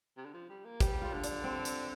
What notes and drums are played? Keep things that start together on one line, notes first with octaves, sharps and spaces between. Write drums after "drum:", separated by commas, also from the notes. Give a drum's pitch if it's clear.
C3
D3
F3
G3
A#3
G3 G4, drum: kick, hi-hat
F4
D3
D4, drum: hi-hat
C4
drum: hi-hat